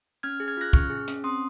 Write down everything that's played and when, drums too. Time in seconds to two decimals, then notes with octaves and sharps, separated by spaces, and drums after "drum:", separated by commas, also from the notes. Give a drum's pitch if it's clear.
0.23 C#4 F6 G#6
0.40 G#4
0.48 F6 G#6
0.57 F4 F#6 A#6
0.73 C#4 C#6 F6, drum: kick C2
0.90 G#4
1.08 C#4, drum: hi-hat
1.24 C4 C6 D#6